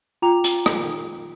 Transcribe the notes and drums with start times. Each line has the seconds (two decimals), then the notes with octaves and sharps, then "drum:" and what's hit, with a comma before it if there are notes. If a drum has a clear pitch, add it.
0.22 F4 G5 A#5 D6 F7
0.44 drum: hi-hat
0.66 drum: rim click